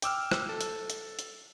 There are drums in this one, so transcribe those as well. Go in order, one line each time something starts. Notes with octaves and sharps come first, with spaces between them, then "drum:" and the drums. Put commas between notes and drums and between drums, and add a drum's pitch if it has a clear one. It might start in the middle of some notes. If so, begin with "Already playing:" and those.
G5 D6 E6 F6, drum: hi-hat
drum: rim click
A4
drum: hi-hat
drum: hi-hat
drum: hi-hat